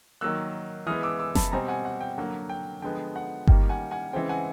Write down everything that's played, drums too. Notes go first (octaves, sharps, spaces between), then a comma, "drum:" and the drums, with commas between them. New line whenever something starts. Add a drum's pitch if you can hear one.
D#3 F#3 A#3 E6 F#6
E3 G#3 B3 D#6 F6
D6 E6
D6 E6
A5 B5, drum: snare F#1
B2 G3 C4 G#5 A#5
F#5 G#5
F#5
G5
D3 F#3 A#3 F#5
G5
D3 F3 G#3 B3 G5
F#5
D#3 G3 A#3, drum: kick G1
F#5 G#5
F#5 G#5
C#3 E3 G#3 C4 G5
F#5 G#5